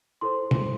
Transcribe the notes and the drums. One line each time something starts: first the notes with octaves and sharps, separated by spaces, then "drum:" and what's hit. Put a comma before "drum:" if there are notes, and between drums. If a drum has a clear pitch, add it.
E4 A4 C5 C6
drum: tom